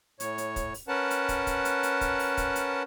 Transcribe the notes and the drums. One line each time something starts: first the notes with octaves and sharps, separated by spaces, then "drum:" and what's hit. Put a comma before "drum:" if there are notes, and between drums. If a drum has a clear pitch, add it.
A2 C#5, drum: hi-hat
drum: hi-hat
drum: kick, hi-hat
drum: open hi-hat
C#4 A#4 B4 F#5 A5
drum: hi-hat
drum: kick, hi-hat
drum: kick, hi-hat
drum: hi-hat
drum: hi-hat
drum: kick, hi-hat
drum: open hi-hat
drum: kick, hi-hat
drum: hi-hat